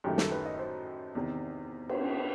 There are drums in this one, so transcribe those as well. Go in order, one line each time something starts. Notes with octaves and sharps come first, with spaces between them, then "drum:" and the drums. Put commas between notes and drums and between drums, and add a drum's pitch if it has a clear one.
F#2 D#3 A3 G4
A4, drum: snare
B4
D#5
C5
E2 C3 D#3
drum: cymbal